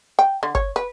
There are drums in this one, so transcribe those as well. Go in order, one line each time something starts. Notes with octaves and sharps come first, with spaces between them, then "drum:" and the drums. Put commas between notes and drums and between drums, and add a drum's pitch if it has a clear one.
G5
D3
C#5, drum: kick G1
B4